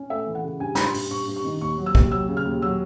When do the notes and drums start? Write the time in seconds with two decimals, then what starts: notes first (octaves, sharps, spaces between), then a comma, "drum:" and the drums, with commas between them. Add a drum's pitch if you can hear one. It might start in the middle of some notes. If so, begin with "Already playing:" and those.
Already playing: C#4
0.10 A3 E5
0.27 E3
0.35 F#5
0.44 C#3
0.60 G2 G#5
0.75 G2 B5, drum: snare
0.85 C6
0.94 G2, drum: open hi-hat
1.11 G2 C#6
1.28 G2
1.36 C#6
1.44 D#3
1.61 D#2 C#6
1.78 F#3
1.86 E6
1.95 D#2, drum: kick
2.11 F#3 E6
2.29 C#3
2.37 F6
2.45 D#2
2.62 F#3 E6